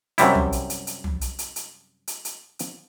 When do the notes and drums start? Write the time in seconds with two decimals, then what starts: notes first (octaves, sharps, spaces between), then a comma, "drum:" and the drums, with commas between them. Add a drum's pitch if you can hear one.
0.18 F#2 C3 G3 E4, drum: hi-hat
0.35 drum: tom
0.52 drum: hi-hat
0.70 drum: hi-hat
0.87 drum: hi-hat
1.04 drum: tom
1.21 drum: hi-hat
1.39 drum: hi-hat
1.56 drum: hi-hat
2.07 drum: hi-hat
2.25 drum: hi-hat
2.59 drum: hi-hat